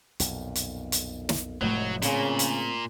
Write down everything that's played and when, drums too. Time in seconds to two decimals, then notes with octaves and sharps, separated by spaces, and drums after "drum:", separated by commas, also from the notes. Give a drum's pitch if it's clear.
0.20 B1 F2 A#2, drum: hi-hat
0.55 drum: hi-hat
0.92 drum: hi-hat
1.29 drum: snare
1.61 F1 A2 F#3 G#3
2.02 A#2 C#3 C4, drum: hi-hat
2.39 drum: hi-hat